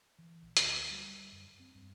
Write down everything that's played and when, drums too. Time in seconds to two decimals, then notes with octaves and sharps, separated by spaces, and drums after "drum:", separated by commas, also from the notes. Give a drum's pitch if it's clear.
0.18 E3
0.42 A#1
0.57 D2, drum: hi-hat
0.91 G3
1.32 F#2
1.60 C4
1.75 G2